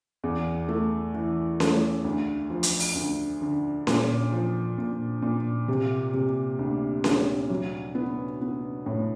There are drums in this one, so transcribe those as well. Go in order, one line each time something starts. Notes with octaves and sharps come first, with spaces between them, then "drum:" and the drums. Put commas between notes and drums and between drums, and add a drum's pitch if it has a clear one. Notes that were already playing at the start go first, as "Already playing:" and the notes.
E2
A3
E3
A3, drum: snare C#4
D2
F3
drum: hi-hat
drum: open hi-hat
D2
D3
A#2, drum: snare C#4
F3
A#2
A#2
C3
C3
D2
D2, drum: snare C#4
F#3
B3
B3
A2